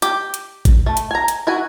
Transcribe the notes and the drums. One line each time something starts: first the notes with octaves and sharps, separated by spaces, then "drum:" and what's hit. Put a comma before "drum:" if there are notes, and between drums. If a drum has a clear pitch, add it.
G4, drum: hi-hat
drum: hi-hat
drum: kick, hi-hat
A3
drum: hi-hat
G#5 A#5
drum: hi-hat
E4 F#4 G#5